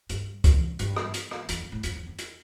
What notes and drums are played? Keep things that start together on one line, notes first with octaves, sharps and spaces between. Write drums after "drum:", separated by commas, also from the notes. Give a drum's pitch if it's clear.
G2, drum: hi-hat
drum: kick, hi-hat
G2, drum: hi-hat
drum: rim click
drum: hi-hat
drum: rim click
E2, drum: hi-hat
F2
A2
F2, drum: hi-hat
E2
F2
drum: hi-hat